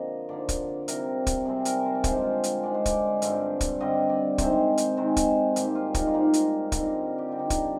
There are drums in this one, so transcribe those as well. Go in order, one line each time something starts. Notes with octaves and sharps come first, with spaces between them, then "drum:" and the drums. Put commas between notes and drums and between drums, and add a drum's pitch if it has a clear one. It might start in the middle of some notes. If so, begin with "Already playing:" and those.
Already playing: D3 F3 A#3 C4 D#5
D3 F3 A#3 D5
drum: kick, hi-hat
C3 G3 C4 A#4, drum: hi-hat
drum: kick, hi-hat
C3 G3 C4 G#4
A#4, drum: hi-hat
C5
D5
D3 F3 G#3 C5, drum: kick, hi-hat
drum: hi-hat
D3 F3 G#3 D5
C5
D5, drum: kick, hi-hat
G2 D3 G3 C4, drum: hi-hat
drum: kick, hi-hat
G2 D3 G3 C4 D#5
D5
C3 D#3 G#3 C4 C5, drum: kick, hi-hat
drum: hi-hat
C3 D#3 G#3 C4 C5
drum: kick, hi-hat
G#2 G3 A#3 G4, drum: hi-hat
F4
D#4, drum: kick, hi-hat
F4
G#2 G3 A#3 D#4
drum: hi-hat
D3 G3 C4 D#4, drum: kick, hi-hat
G4
D3 G3 C4 F4
D#4
D4, drum: kick, hi-hat